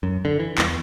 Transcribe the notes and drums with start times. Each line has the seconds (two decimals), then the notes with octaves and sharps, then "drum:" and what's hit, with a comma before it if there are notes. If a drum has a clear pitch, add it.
0.03 F#2
0.25 D3
0.40 E3
0.58 E2, drum: clap